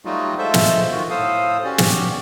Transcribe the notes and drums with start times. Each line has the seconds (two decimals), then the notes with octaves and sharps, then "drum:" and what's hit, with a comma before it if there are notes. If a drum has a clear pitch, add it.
0.05 F#3 G3 A3 D#4 F4 F#4
0.38 G#3 A3 F4 A4 C5 E5
0.54 drum: snare
0.91 D#3 F4 F#4
1.10 A2 A4 C5 F5 D#6
1.64 C#4 F#4 G4 D5
1.78 drum: snare